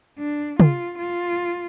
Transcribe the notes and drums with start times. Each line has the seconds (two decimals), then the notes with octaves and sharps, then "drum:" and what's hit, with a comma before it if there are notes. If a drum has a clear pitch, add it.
0.19 D4
0.60 F4, drum: tom
0.99 F4